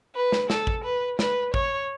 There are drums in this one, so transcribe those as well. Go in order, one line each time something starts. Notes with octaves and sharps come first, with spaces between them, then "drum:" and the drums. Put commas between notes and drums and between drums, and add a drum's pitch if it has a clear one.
B4
drum: snare
A4, drum: snare
drum: kick
B4
B4, drum: snare
C#5, drum: kick